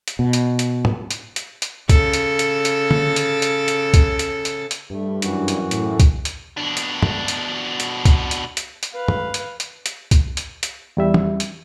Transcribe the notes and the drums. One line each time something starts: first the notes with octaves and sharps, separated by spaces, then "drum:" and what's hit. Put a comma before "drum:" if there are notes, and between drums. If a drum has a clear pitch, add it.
drum: hi-hat
B2
drum: hi-hat
drum: hi-hat
drum: tom
drum: hi-hat
drum: hi-hat
drum: hi-hat
C#3 A4, drum: kick, hi-hat
drum: hi-hat
drum: hi-hat
drum: hi-hat
drum: tom
drum: hi-hat
drum: hi-hat
drum: hi-hat
drum: kick, hi-hat
drum: hi-hat
drum: hi-hat
drum: hi-hat
G2 A3
F#2 E3 F#4, drum: hi-hat
drum: hi-hat
A2, drum: hi-hat
drum: kick, hi-hat
drum: hi-hat
B2 D4
drum: hi-hat
drum: tom
drum: hi-hat
drum: hi-hat
drum: kick, hi-hat
drum: hi-hat
drum: hi-hat
drum: hi-hat
B4 F5
drum: tom
drum: hi-hat
drum: hi-hat
drum: hi-hat
drum: kick, hi-hat
drum: hi-hat
drum: hi-hat
E2 G3 E5
drum: tom
drum: hi-hat